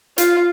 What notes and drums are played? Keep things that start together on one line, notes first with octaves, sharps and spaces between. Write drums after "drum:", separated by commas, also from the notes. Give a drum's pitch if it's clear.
F4, drum: hi-hat